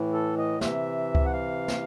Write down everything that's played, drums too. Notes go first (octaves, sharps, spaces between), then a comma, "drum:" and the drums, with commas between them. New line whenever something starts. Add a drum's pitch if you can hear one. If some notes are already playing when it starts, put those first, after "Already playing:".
Already playing: A2 E3
A4
D#5
C3 E3 E5, drum: snare
drum: kick C#2
F#5
F5
drum: snare